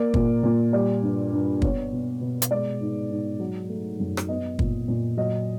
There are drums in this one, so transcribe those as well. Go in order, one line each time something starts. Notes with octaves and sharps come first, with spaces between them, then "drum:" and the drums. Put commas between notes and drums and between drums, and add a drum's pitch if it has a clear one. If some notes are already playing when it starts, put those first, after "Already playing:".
Already playing: A#3 D5
A#2, drum: kick
A#2
G3 D5
G2
G2
B3 C#5, drum: kick
B2
B2
drum: hi-hat
G#3 D5
G#2
G#2
F#3
A3
F#2
drum: rim click
B3 D#5
A#2, drum: kick
A#2
F#3 D#5